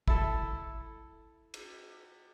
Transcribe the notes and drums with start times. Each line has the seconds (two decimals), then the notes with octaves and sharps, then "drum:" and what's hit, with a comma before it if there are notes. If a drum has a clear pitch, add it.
0.08 E4 A4, drum: kick
1.54 drum: cymbal